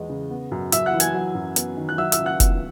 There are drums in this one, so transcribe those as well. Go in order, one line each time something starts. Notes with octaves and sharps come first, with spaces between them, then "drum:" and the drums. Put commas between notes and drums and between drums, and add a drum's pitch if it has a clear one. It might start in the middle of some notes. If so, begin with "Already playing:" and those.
Already playing: E2 E3 F#3 G#3 D#5
C#3
B3
F#2
F#2 E5 E6, drum: hi-hat
F#5 F#6
E3
G#5 G#6, drum: hi-hat
F#3
F#2
B3, drum: hi-hat
D#3
F#6
F#3 E5 E6
E5 E6, drum: hi-hat
C#2
F#5 F#6
B3, drum: kick, hi-hat